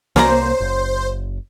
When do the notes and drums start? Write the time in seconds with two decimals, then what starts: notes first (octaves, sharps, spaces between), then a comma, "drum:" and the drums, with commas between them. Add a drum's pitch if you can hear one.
0.16 C2 A#3 C#4 C5 D5 A#5, drum: snare
0.60 F#1